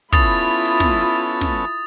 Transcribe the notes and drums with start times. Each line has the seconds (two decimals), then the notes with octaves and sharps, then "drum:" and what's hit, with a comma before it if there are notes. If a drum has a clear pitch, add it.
0.13 B3 C#4 E4 F4 A4 D#6 A6, drum: kick
0.66 drum: hi-hat
0.80 drum: snare
1.41 drum: snare